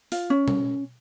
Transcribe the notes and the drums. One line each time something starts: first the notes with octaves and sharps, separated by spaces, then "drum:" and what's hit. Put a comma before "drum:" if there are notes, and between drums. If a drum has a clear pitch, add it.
F4, drum: open hi-hat
C#4
drum: tom